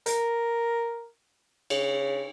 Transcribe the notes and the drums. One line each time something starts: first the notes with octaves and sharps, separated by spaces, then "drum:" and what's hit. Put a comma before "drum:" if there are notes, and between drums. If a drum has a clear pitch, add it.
A#4, drum: hi-hat
C#3, drum: cymbal